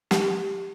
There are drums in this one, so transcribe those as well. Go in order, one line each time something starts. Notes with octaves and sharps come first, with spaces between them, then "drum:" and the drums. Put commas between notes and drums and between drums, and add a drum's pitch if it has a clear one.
G4, drum: snare